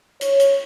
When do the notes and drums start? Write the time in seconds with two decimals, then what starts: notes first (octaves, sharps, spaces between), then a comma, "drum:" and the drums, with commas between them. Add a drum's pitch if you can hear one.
0.21 C#5, drum: hi-hat
0.40 drum: hi-hat